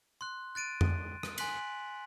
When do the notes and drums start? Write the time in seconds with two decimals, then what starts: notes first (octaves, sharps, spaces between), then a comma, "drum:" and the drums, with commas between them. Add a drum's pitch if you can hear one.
0.21 C6 F#6
0.55 F#6 A6 D7 D#7
0.81 drum: tom F2
1.23 drum: rim click
1.38 G#5 C6 F#6 B6 F#7, drum: cymbal